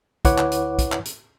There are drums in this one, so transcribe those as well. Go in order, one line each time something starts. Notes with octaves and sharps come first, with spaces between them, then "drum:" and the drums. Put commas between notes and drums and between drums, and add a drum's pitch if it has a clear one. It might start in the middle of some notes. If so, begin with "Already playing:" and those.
D2 E4 B4 C#5 F#5 D6, drum: kick, hi-hat
drum: clap
drum: hi-hat
drum: kick, hi-hat
drum: clap
drum: hi-hat